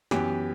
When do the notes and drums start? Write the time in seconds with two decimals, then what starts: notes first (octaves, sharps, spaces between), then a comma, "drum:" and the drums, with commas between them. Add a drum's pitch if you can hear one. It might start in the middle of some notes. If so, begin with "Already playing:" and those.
0.11 F#2 E3 B3 G4, drum: snare